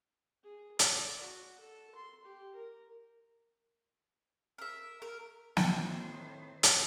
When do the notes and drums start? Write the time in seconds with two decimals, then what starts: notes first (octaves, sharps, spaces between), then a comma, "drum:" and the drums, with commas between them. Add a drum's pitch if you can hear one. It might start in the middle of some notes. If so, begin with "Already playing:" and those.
0.44 G#4
0.79 D5, drum: hi-hat
1.21 F#4
1.60 A4
1.95 C6
2.25 G4
2.55 A#4
4.58 A#4 E5
5.02 A#4
5.57 A2 D#3 C4 E4 C5 G5, drum: snare
6.63 drum: hi-hat